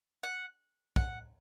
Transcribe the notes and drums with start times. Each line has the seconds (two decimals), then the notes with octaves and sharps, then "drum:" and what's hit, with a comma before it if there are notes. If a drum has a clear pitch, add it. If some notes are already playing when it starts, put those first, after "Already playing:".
0.23 F#5
0.96 F#5, drum: kick